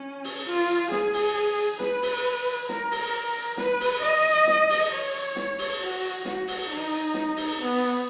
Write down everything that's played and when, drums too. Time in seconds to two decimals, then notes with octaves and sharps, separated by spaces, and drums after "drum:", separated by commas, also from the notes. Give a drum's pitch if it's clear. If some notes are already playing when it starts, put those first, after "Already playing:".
Already playing: C#4
0.24 drum: open hi-hat
0.47 F4
0.69 drum: hi-hat
0.91 G#4, drum: snare
1.13 drum: open hi-hat
1.58 drum: hi-hat
1.80 B4, drum: snare
2.02 drum: open hi-hat
2.47 drum: hi-hat
2.69 A#4, drum: snare
2.91 drum: open hi-hat
3.36 drum: hi-hat
3.57 B4, drum: snare
3.80 drum: open hi-hat
4.02 D#5
4.25 drum: hi-hat
4.47 drum: snare
4.69 drum: open hi-hat
4.92 C#5
5.14 drum: hi-hat
5.36 drum: snare
5.58 drum: open hi-hat
5.81 F#4
6.03 drum: hi-hat
6.25 F#4, drum: snare
6.47 drum: open hi-hat
6.70 D#4
6.92 drum: hi-hat
7.14 drum: snare
7.36 drum: open hi-hat
7.59 B3
7.81 drum: hi-hat